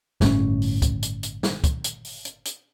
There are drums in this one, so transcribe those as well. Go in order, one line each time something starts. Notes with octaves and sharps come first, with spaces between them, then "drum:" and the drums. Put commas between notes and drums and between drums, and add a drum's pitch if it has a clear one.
G1 A2 C4 C#4, drum: snare
drum: open hi-hat
drum: kick, hi-hat
drum: hi-hat
drum: hi-hat
drum: snare
drum: kick, hi-hat
drum: hi-hat
drum: open hi-hat
drum: hi-hat
drum: hi-hat